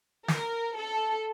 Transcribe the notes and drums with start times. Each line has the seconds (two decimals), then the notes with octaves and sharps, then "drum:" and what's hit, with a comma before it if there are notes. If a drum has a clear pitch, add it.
0.28 A#4, drum: snare
0.77 A4